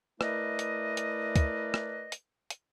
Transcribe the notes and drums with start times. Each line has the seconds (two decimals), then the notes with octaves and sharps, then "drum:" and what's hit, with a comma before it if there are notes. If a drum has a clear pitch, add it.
0.21 A3 E4 A#4 B4 D5 D#5, drum: rim click
0.59 drum: hi-hat
0.97 drum: hi-hat
1.36 drum: kick, hi-hat
1.74 drum: rim click
2.12 drum: hi-hat
2.50 drum: hi-hat